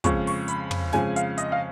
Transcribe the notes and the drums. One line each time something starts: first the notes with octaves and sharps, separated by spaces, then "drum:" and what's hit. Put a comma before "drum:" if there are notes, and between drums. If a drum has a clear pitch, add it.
F2 C#3 G#3 C#6, drum: kick, hi-hat
C#6, drum: open hi-hat
B5, drum: hi-hat
drum: tom
F2 C#3 G#3 G#5, drum: snare
F5, drum: hi-hat
D#5, drum: hi-hat
F5